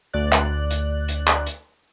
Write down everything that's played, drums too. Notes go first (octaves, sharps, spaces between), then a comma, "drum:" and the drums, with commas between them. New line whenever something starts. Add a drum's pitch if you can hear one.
D2 D5 F#6
drum: clap
drum: hi-hat
drum: hi-hat
drum: clap
drum: hi-hat